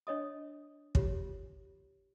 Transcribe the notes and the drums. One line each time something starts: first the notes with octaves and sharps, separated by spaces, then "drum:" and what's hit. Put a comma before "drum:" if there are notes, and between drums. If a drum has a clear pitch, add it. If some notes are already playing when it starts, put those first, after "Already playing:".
D4 C#5 D#5 D#6
F4 G4 C#5, drum: kick